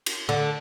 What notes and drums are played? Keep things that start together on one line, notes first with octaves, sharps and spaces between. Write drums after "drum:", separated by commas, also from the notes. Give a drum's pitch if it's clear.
drum: cymbal
D3